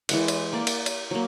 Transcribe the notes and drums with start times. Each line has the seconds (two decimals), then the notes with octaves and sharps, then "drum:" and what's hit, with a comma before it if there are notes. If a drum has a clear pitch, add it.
0.09 E3 G#3 F#5, drum: cymbal
0.28 drum: cymbal
0.53 A#3 D5
0.67 drum: cymbal
0.86 drum: cymbal
1.11 F#3 A#3